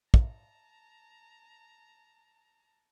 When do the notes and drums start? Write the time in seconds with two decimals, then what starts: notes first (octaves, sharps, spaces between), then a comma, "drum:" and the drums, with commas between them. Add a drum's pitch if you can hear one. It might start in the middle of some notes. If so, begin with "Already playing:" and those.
0.14 A5 A#5, drum: kick